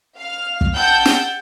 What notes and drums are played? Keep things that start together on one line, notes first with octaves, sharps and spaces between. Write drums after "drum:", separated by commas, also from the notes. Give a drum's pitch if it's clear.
F5 F6
drum: kick
F#5 G5 A5 E6 G6
drum: snare